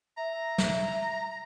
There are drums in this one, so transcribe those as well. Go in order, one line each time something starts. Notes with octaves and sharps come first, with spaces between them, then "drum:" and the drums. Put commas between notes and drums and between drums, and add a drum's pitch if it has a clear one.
E5 A#5
drum: snare